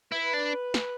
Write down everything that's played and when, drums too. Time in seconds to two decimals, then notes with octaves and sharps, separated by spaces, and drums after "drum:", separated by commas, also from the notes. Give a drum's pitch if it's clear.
0.12 E4 B4
0.34 D4
0.74 drum: snare